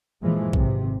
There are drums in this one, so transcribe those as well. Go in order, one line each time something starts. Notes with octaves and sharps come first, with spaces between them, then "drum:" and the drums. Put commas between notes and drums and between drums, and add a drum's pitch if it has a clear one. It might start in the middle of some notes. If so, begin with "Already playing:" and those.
G2 A#2 E3 F3 G#3
G#1 C3, drum: kick A#1